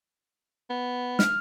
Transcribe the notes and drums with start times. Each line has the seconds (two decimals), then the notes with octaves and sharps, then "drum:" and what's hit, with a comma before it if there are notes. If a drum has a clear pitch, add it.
0.70 B3
1.19 F6, drum: snare